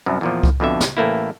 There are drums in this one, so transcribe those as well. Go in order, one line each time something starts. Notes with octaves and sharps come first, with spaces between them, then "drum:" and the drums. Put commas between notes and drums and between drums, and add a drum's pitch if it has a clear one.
C2 F#2
E2 A#2 F3
drum: kick C2
F2 B2 D3 E5
drum: snare
A1 A3 A#3 E4